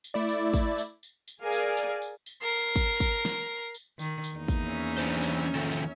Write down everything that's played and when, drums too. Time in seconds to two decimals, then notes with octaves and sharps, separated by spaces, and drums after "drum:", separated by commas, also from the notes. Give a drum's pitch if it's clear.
0.04 drum: tambourine
0.14 A3 E4 D5
0.29 drum: tambourine
0.54 drum: kick, tambourine
0.78 drum: tambourine
1.03 drum: tambourine
1.28 drum: tambourine
1.41 G#4 A#4 D5 F5 G#5
1.52 drum: tambourine
1.77 drum: tambourine
2.02 drum: tambourine
2.26 drum: tambourine
2.43 A#4 C7
2.76 drum: kick, tambourine
3.00 drum: kick, tambourine
3.25 drum: snare
3.74 drum: tambourine
3.99 D#3, drum: tambourine
4.24 drum: tambourine
4.35 E2 A#3 D#4
4.48 drum: kick, tambourine
4.66 C#4 E5
4.98 E3 D4 C5, drum: tambourine
5.22 drum: tambourine
5.55 D#3 F3 A4
5.72 drum: tambourine